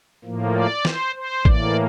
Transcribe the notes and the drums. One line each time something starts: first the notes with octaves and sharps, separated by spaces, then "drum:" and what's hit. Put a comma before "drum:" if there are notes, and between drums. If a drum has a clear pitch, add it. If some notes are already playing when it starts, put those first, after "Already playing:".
A2 F3 A#3
D5
C5, drum: snare
C5
A2 E3 A#3 D5, drum: kick A1